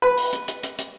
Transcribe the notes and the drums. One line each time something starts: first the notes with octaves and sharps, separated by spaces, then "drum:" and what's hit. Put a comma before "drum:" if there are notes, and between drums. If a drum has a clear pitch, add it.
B4
drum: open hi-hat
drum: hi-hat
drum: hi-hat
drum: hi-hat
drum: hi-hat